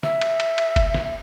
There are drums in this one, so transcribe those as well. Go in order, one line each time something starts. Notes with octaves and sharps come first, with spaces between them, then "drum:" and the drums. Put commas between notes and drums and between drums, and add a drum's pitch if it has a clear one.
E5, drum: snare
drum: cymbal
drum: cymbal
drum: cymbal
drum: kick F#1, cymbal
drum: snare